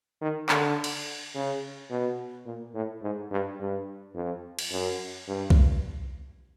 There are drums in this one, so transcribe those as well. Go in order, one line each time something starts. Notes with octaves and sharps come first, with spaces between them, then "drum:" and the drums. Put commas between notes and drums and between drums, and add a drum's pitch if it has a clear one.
D#3
D3, drum: clap
drum: cymbal
C#3
B2
A#2
A2
G#2
G2
G2
F2
drum: cymbal
F#2
G2
drum: kick C2